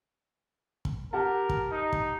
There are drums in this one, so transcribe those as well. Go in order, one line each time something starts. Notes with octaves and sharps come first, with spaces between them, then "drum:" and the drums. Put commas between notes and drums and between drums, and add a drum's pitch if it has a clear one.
drum: kick
G4 A#4 F#5 A5
drum: kick
D#4
drum: kick